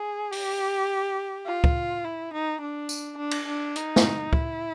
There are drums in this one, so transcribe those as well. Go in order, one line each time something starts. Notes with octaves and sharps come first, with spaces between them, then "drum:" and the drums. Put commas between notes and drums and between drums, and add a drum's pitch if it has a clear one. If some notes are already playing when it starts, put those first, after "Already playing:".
Already playing: G#4
G4, drum: open hi-hat
F4
drum: kick
E4
D#4
D4
drum: tambourine
D4
drum: cymbal
D4
D#4, drum: hi-hat
drum: snare
E4, drum: kick